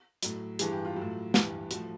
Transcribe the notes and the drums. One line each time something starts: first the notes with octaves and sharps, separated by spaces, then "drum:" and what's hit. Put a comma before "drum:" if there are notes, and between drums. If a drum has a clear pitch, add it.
A2 F#3, drum: hi-hat
G2 E3 G3 G#4, drum: hi-hat
G4
F4
F#3
A2
G2 E3 G3, drum: snare
A2 F3 F#4, drum: hi-hat